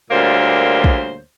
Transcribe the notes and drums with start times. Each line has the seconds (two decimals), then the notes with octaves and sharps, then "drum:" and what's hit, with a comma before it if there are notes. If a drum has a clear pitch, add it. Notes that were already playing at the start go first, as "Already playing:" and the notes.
0.11 D2 A#2 G3 A#3 C5 C#5
0.84 drum: kick